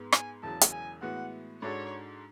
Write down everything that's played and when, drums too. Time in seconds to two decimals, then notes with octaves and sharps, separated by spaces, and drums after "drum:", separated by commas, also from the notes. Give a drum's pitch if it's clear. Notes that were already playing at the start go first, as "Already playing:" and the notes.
Already playing: G#2 G#3 B3
0.12 G#5, drum: rim click
0.42 E1 E2 C#3 F#3 A5
0.61 drum: hi-hat
0.72 G#5
1.02 A2 E3 G#3 B3 F#4 F#5
1.62 G#2 G#3 D4 F#4 A4 C#5